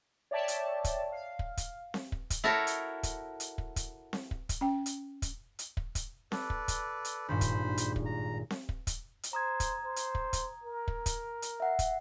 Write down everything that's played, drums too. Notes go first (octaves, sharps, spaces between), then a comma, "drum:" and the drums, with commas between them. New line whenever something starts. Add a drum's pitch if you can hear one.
C#5 D5 E5 G5 A5
drum: hi-hat
drum: kick, hi-hat
F5
drum: kick
drum: kick, hi-hat
drum: snare C4
drum: kick
drum: kick, hi-hat
E4 F#4 A4 A#4 C#5
drum: hi-hat
drum: kick, hi-hat
drum: hi-hat
drum: kick
drum: kick, hi-hat
drum: snare C4
drum: kick
drum: kick, hi-hat
C#4 G5
drum: hi-hat
drum: kick, hi-hat
drum: hi-hat
drum: kick
drum: kick, hi-hat
A4 B4 D5, drum: snare C4
drum: kick
drum: kick, hi-hat
drum: hi-hat
G#1 G2 A#2 C5 B5
drum: kick, hi-hat
drum: hi-hat
drum: kick
A#5
drum: snare C4
drum: kick
drum: kick, hi-hat
drum: hi-hat
C5 A#5 D#6 G#6
drum: kick, hi-hat
C5
drum: hi-hat
drum: kick
drum: kick, hi-hat
A#4
drum: kick
drum: kick, hi-hat
drum: hi-hat
E5 F#5
drum: kick, hi-hat